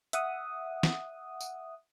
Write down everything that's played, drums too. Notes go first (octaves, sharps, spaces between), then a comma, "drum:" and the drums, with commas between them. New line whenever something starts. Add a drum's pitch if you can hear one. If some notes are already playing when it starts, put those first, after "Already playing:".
E5 F#5 D#6, drum: hi-hat
drum: snare
drum: tambourine